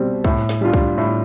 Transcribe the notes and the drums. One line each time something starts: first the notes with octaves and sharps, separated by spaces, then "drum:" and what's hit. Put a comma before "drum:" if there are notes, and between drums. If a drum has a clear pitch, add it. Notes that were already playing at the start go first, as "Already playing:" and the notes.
Already playing: B2 G3 C4
A2, drum: kick
drum: snare
G3 D4 F4
drum: kick
A2